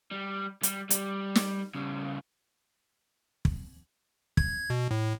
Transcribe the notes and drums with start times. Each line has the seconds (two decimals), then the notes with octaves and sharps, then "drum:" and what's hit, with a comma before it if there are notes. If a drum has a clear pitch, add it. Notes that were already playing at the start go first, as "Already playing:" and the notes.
0.12 G3
0.63 G3, drum: hi-hat
0.90 G3, drum: hi-hat
1.35 drum: snare
1.75 C#3 G3
3.45 drum: kick
4.37 G#6, drum: kick
4.70 B2
4.91 A2